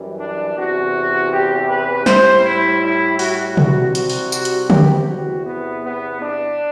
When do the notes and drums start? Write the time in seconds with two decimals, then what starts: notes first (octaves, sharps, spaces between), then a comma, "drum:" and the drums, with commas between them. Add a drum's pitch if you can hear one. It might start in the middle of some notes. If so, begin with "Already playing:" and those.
Already playing: F#2 E3 G3
0.19 D4
0.56 E2 C3 E3 F#4
1.32 G4
1.69 B4
2.06 A2 G3 C5, drum: snare
2.45 E4
2.83 E4
3.19 F#4, drum: open hi-hat
3.57 C2 C3 G3 F#4, drum: tom B2
3.95 F#4, drum: hi-hat
4.09 drum: open hi-hat
4.32 F#4, drum: tambourine
4.45 drum: hi-hat
4.70 G4, drum: tom D3
5.08 E2 C3 E3 F#4
5.46 B3
5.83 B3
6.20 D4